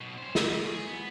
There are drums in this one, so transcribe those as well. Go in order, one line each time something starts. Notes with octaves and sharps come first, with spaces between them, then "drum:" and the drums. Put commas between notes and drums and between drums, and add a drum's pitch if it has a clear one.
B1 B2
C#4 C5
A3 A#3, drum: snare
G#4
B3